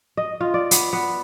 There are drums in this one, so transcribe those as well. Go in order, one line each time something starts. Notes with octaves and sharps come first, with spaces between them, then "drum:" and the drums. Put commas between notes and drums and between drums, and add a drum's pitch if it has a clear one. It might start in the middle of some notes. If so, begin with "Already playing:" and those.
D#5
F4
D5
B3, drum: hi-hat
B3